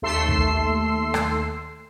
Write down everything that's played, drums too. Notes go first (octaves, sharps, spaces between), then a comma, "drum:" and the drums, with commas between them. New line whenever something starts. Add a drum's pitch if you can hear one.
D#2 A3 A4 C6 E6 C7
drum: kick
drum: rim click